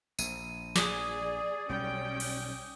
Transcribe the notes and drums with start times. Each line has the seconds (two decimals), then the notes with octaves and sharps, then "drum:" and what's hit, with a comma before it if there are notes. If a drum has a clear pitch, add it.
0.19 A#1 D#7, drum: tambourine
0.76 G#4 D5 D6 D#6, drum: snare
1.69 B1 G3 C#4 G5
2.20 drum: cymbal